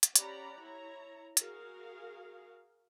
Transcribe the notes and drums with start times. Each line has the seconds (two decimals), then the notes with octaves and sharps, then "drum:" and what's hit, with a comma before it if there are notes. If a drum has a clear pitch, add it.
0.03 drum: hi-hat
0.16 C#4 G4 D5 F#5 A#5 B5, drum: hi-hat
0.60 E4 C#5 A#5
1.37 F#4 G#4 A#4 F5, drum: hi-hat